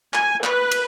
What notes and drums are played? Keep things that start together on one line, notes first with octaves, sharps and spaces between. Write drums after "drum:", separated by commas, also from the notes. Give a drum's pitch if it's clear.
G#5, drum: clap
B4, drum: clap
drum: cymbal